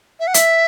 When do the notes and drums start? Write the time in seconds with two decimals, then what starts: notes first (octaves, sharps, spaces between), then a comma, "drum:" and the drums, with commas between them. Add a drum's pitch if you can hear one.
0.20 E5
0.27 F#5
0.34 E5, drum: hi-hat